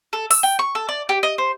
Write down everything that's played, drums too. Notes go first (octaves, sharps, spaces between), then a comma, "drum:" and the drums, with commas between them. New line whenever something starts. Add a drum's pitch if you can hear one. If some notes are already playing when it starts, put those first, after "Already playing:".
A4
E6, drum: open hi-hat
G5
C#6
A4
D5
G4
D#5
C5